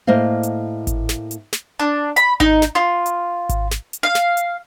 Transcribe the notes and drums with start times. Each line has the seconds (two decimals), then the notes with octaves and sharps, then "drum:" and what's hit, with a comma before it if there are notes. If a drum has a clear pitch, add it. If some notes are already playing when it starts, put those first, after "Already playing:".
0.07 A2 A#3 C5 D#5 F5
0.43 drum: hi-hat
0.87 drum: kick G#1, hi-hat
1.09 drum: snare
1.31 drum: hi-hat
1.53 drum: snare
1.79 D4
2.16 B5, drum: hi-hat
2.40 D#4, drum: kick G#1
2.62 drum: snare
2.75 F4
3.06 drum: hi-hat
3.49 drum: kick G#1, hi-hat
3.71 drum: snare
3.93 drum: hi-hat
4.03 F5
4.15 drum: snare
4.37 drum: hi-hat